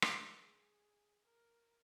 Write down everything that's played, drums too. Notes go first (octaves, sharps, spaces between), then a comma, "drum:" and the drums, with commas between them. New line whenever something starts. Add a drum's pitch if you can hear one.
drum: rim click
G#4
A#4